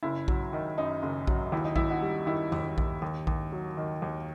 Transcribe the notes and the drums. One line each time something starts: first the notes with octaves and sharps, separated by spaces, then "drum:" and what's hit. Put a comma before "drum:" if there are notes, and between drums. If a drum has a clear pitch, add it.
F#1 E4
F#3, drum: kick A#1
D#3
F#2 D#4
F#1
F#3, drum: kick A#1
D#2 E4
D#4
D#2 E4, drum: kick A#1
D#4 F#4
G3
D#3 E4
D#2, drum: tom E2
D#2, drum: kick A#1
D#2
D#2, drum: kick A#1
F#3
D#3
D#2